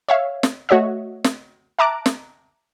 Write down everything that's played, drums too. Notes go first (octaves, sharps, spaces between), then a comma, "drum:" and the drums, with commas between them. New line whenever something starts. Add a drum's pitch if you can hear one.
C#5 E5 F5
drum: snare
A3 F#4 C#5 D#5 E5
drum: snare
E5 A5 A#5 D6 F#6 D7
drum: snare